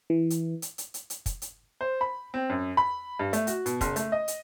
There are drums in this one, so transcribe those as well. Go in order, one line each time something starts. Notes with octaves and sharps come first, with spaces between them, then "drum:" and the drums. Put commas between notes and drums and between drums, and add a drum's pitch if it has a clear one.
E3
drum: hi-hat
drum: hi-hat
drum: hi-hat
drum: hi-hat
drum: hi-hat
drum: kick, hi-hat
drum: hi-hat
C5
B5
C4
F#2
B5
G2
A3, drum: hi-hat
F#4, drum: hi-hat
B2, drum: hi-hat
F#1, drum: kick, hi-hat
A3, drum: hi-hat
D#5
drum: hi-hat